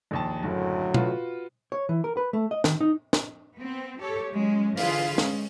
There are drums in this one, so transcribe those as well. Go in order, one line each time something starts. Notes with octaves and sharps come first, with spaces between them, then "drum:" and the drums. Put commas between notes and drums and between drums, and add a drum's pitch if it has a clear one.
A#1 D#2 A5
F#1 A2 D3 F#3
F4 F#4 B4, drum: tom
C#5
E3
A#4
B4
A3
D#5
D#3, drum: snare
D#4
drum: snare
B3 C4
G4 A4 C#5
F#3 G#3 C#4
D3 E3 F4 G#4 B4 F5, drum: open hi-hat
G#3 C#4, drum: snare